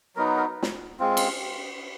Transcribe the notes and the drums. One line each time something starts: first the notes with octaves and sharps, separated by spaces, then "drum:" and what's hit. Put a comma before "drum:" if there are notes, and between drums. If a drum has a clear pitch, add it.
F#3 B3 D#4 A#4
A#4
drum: snare
G#3 C4 F4
drum: cymbal